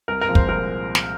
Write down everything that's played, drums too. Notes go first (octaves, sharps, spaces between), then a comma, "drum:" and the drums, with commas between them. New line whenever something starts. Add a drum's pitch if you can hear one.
C2 A#4
A#4
A#2 F3 G#3 C4
C5, drum: kick
C2 A#4
drum: snare